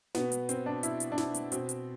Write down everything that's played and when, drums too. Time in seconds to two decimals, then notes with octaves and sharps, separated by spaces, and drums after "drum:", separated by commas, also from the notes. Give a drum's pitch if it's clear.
0.15 B2 B3, drum: snare
0.32 drum: hi-hat
0.49 C4, drum: hi-hat
0.66 D4
0.83 E4, drum: hi-hat
1.00 drum: hi-hat
1.12 D4
1.18 E4, drum: snare
1.35 drum: hi-hat
1.52 B2 C4, drum: hi-hat
1.69 drum: hi-hat